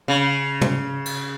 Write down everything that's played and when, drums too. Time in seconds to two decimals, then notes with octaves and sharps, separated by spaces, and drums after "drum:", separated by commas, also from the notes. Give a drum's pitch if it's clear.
0.08 C#3
0.61 drum: tom
1.06 drum: cymbal